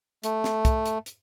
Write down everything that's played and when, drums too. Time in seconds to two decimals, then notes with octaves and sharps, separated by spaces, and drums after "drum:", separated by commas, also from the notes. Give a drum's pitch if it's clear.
0.24 A3, drum: hi-hat
0.44 drum: snare
0.65 drum: kick, hi-hat
0.86 drum: hi-hat
1.06 drum: hi-hat